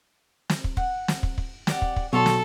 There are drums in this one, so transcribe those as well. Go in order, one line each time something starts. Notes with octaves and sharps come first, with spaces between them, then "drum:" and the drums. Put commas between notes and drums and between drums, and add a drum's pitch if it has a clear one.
drum: snare
drum: kick
F#5, drum: kick
drum: snare
drum: kick
drum: kick
G4 D5 F#5, drum: snare
drum: kick
drum: kick
B1 F#3 A4 C#5 E5 C6
drum: snare